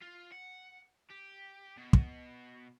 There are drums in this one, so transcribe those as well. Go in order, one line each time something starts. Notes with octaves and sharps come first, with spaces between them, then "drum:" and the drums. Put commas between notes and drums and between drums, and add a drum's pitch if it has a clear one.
F4
F#5
G4
B2
drum: kick